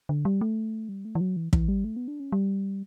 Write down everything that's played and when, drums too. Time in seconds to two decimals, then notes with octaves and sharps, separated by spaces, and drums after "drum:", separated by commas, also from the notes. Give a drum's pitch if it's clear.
0.09 D3
0.25 G3
0.41 A3
0.89 G3
1.05 A3
1.15 E3
1.21 F#3
1.36 E3
1.53 E3, drum: kick
1.68 G3
1.84 A3
1.96 B3
2.08 D4
2.20 C#4
2.32 G3